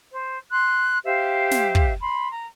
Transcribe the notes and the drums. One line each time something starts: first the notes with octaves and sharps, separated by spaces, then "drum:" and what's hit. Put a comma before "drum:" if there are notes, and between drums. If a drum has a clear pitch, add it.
C5
C6 F#6
G4 C5 E5 F5
drum: snare
drum: kick
B5 C6
A#5